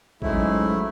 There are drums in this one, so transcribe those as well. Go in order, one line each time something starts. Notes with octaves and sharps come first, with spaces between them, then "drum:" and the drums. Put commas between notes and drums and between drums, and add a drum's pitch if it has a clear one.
G#2 F#3 G#3 A3 C#4 E4, drum: kick